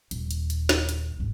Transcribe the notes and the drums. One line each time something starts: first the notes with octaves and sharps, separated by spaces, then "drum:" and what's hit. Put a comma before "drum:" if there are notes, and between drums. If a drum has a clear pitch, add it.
D#1 D#2, drum: hi-hat
drum: hi-hat
drum: hi-hat
drum: snare
drum: hi-hat
G#1 D2